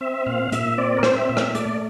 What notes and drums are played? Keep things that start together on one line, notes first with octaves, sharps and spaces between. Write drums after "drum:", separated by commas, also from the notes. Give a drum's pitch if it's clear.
C4 E5
A#2 F5
A#2 E5, drum: hi-hat
C4 D5
A#4
C4 C5, drum: rim click
E5
A#2 E5
F5, drum: rim click
E5
A3 D5, drum: hi-hat